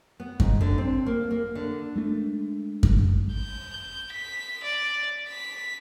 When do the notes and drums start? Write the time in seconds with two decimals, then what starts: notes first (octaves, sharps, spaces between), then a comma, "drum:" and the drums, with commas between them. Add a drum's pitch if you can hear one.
0.20 B3
0.40 G#2, drum: kick F#2
0.61 D3
0.78 C4
1.06 A#3
1.31 A#3
1.55 D3
1.96 G#3 A3 D4
2.83 drum: kick F#2
3.33 G6
4.12 B6
4.63 D5
5.28 B6